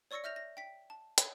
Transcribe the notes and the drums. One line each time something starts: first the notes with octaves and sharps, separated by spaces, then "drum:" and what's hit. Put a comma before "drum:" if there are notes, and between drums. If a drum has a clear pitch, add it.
C#5 D5 C#6 E6 A#6 C#7
E5 F6 G6 A#6 F7
A#6
G5 B6
A5
C#5, drum: hi-hat